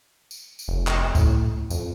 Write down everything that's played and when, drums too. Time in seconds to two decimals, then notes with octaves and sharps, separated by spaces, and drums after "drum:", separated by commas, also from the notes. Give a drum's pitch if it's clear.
0.31 drum: tambourine
0.59 drum: tambourine
0.68 F1
0.87 drum: clap
1.15 A2, drum: kick C#2, tambourine
1.70 F2, drum: tambourine